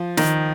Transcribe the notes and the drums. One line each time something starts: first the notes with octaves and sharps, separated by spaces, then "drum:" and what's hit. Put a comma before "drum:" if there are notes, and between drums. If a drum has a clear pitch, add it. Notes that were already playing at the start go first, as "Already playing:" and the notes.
Already playing: F3
D#3, drum: snare